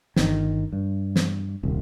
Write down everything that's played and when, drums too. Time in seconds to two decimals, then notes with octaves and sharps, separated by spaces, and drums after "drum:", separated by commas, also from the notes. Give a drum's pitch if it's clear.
0.16 G1 D#3, drum: snare
0.73 G2
1.16 drum: snare
1.63 D#1 C2